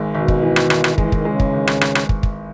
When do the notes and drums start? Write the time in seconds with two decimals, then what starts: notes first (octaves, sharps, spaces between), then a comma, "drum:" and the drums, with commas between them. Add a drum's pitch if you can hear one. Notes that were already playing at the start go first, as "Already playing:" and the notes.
Already playing: G#1 G#3
0.14 G#1 B2
0.28 drum: kick
0.42 E3
0.56 drum: rim click
0.70 G#1, drum: rim click
0.84 drum: rim click
0.98 E3 G#3, drum: kick
1.12 D#3, drum: kick
1.25 C#3 G#3
1.40 drum: kick
1.54 G#1
1.67 drum: rim click
1.81 drum: rim click
1.95 drum: rim click
2.09 drum: kick
2.23 drum: kick